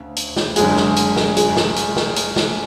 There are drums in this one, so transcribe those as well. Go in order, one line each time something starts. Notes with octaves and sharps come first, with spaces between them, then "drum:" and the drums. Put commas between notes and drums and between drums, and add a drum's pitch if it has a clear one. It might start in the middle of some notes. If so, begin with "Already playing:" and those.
Already playing: D2 C#3
drum: hi-hat
drum: snare
F#1 F#2 D3 G#3 C#4 G#4, drum: hi-hat
drum: snare
drum: hi-hat
drum: snare
G#4, drum: hi-hat
drum: snare
drum: hi-hat
drum: snare
drum: hi-hat
drum: snare